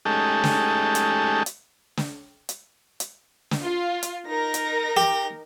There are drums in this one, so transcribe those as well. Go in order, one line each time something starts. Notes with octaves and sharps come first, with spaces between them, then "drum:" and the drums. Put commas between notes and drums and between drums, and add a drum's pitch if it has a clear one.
G#3 A3 C#4 D#4 G4 A4
drum: snare
drum: hi-hat
drum: hi-hat
drum: snare
drum: hi-hat
drum: hi-hat
drum: snare
F4
drum: hi-hat
D#4 A#4 A#6
drum: hi-hat
G4